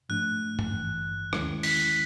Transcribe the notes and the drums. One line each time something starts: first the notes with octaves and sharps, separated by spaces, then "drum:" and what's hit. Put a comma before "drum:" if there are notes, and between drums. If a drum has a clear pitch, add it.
G#2 F3 A3 D4 F#6
drum: tom
G#1 G2 E3
D#2 D#3 G#3 C#4 E4, drum: rim click
B6, drum: open hi-hat